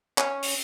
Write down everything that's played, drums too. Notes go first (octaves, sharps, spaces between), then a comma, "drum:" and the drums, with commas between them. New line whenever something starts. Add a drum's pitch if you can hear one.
C#4, drum: clap
drum: open hi-hat